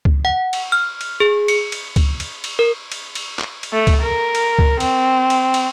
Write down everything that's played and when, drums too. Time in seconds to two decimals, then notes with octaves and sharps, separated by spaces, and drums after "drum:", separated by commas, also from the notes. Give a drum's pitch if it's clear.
0.05 drum: kick C#2
0.25 F#5
0.53 drum: cymbal
0.72 F6
1.01 drum: cymbal
1.20 G#4
1.48 C#7, drum: cymbal
1.72 drum: cymbal
1.96 drum: kick C#2, cymbal
2.20 drum: cymbal
2.44 drum: cymbal
2.59 A#4
2.92 drum: cymbal
3.15 drum: cymbal
3.39 drum: clap
3.63 drum: cymbal
3.73 A3
3.87 drum: kick C#2, cymbal
4.03 A#4
4.35 drum: cymbal
4.59 drum: kick C#2
4.80 C4, drum: cymbal
5.30 drum: cymbal
5.54 drum: cymbal